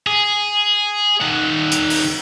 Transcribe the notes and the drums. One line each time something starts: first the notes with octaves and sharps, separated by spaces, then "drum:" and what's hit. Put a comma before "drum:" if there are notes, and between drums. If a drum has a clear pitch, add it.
G#4
D#3 F#5
drum: hi-hat
drum: open hi-hat